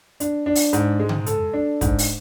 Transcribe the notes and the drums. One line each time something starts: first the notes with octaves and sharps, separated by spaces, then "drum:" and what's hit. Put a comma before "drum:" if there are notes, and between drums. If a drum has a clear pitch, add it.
D4, drum: hi-hat
D4
drum: open hi-hat
G#2, drum: hi-hat
G#3
drum: tom C#3
A4, drum: hi-hat
D4
G#2, drum: kick, hi-hat
drum: open hi-hat